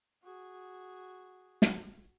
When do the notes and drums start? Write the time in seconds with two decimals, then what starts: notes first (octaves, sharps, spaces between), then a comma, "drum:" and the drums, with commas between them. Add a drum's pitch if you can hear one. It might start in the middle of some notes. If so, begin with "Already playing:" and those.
0.22 F#4 G#4
1.62 drum: snare